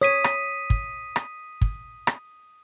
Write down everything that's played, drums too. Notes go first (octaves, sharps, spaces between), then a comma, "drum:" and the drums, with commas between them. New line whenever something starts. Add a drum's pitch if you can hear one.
C#5 D#6 B6 D#7
drum: rim click
drum: kick
drum: rim click
drum: kick
drum: rim click